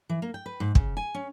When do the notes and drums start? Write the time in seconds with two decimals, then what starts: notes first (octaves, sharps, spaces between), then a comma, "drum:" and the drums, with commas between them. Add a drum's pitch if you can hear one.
0.09 E3
0.22 A#3
0.34 G5
0.46 B4
0.60 G#2
0.75 C#3, drum: kick
0.97 G#5
1.15 C#4